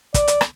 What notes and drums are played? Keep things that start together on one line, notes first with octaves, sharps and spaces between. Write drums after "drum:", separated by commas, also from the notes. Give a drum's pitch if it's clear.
D5, drum: kick, hi-hat
drum: hi-hat
drum: rim click